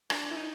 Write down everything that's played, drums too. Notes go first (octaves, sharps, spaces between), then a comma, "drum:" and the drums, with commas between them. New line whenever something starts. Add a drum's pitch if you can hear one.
D4, drum: rim click
E4
D#4